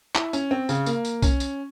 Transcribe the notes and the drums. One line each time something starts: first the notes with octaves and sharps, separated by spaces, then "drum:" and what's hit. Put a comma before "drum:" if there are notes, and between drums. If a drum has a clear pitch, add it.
E4, drum: clap
C#4, drum: tambourine
C4
C#3, drum: tambourine
A#3, drum: tambourine
drum: tambourine
C#4, drum: kick B1, tambourine
drum: tambourine